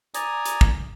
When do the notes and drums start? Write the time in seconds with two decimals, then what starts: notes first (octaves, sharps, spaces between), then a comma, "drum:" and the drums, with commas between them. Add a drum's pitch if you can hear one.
0.14 D5 G#5 A#5 D#6, drum: hi-hat
0.45 drum: hi-hat
0.61 drum: kick